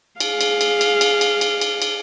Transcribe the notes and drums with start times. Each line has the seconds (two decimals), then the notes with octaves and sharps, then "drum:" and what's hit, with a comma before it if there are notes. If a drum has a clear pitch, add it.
0.20 G#4 F5, drum: cymbal
0.41 drum: cymbal
0.61 drum: cymbal
0.81 drum: cymbal
1.01 drum: cymbal
1.21 drum: cymbal
1.41 drum: cymbal
1.61 drum: cymbal
1.82 drum: cymbal